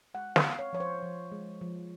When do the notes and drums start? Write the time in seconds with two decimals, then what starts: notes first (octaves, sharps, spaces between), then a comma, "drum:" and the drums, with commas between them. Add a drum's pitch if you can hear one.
0.14 G#3 F#5
0.36 F5, drum: snare
0.43 C4
0.59 C#5
0.73 F3 C#5
0.80 C5
1.02 F3
1.32 G#3
1.61 F3